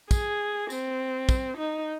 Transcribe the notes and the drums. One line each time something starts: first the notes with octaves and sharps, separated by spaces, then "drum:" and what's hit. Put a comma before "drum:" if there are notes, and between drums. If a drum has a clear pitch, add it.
G#4, drum: kick, tambourine
C4, drum: tambourine
drum: kick, tambourine
D#4